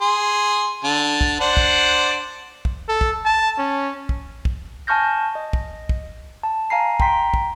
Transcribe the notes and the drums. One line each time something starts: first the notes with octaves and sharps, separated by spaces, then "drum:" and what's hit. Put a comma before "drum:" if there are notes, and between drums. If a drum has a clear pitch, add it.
G#4 C6
D3 A5
drum: kick
D4 C5 F#5
drum: kick
drum: kick
A4
drum: kick
A5
C#4
drum: kick
drum: kick
G#5 A5 C#6 F6 G6 A#6
D#5
drum: kick
drum: kick
A5
F5 G#5 A#5 C7
G5 A#5 C6 B6, drum: kick
drum: kick